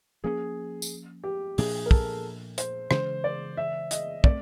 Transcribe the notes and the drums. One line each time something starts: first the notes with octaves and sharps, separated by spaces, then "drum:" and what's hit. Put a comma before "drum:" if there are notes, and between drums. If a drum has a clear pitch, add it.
F3 A#3 C#4 G#4
drum: tambourine
G4
A#2 F3 A#3 D4 G#4, drum: open hi-hat
A#4
A4, drum: kick
C5, drum: hi-hat
C#3 E3 G#3 C5, drum: rim click
D5
E5
D#5, drum: hi-hat
A3 C4 D5, drum: kick